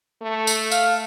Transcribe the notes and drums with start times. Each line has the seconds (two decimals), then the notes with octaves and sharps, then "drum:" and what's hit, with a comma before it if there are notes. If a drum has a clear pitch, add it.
0.22 A3
0.47 drum: tambourine
0.72 F5, drum: tambourine